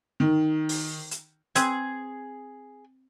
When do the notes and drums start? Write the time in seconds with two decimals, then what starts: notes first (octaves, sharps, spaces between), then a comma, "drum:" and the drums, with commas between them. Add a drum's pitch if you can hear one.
0.20 D#3
0.69 drum: open hi-hat
1.11 drum: hi-hat
1.55 C4 G#4 B4, drum: hi-hat